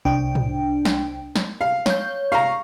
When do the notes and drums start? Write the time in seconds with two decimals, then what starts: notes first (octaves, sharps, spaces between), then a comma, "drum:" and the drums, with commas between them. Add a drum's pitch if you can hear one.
0.05 C2 D4 G5
0.35 drum: tom
0.85 drum: snare
1.36 drum: snare
1.61 F5
1.86 C#5 G6, drum: snare
2.32 F5 A#5 C#6